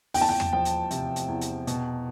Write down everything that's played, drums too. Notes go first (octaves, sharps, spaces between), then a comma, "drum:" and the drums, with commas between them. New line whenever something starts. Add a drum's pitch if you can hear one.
E2 G5, drum: open hi-hat
A5
G5
drum: tom E2
F3 G5
drum: hi-hat
C3, drum: hi-hat
drum: hi-hat
E2
drum: hi-hat
B2, drum: hi-hat